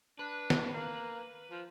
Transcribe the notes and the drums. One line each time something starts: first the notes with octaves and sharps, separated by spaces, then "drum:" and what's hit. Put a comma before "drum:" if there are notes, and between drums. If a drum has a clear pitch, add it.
D4 B4
drum: snare
A#3
F3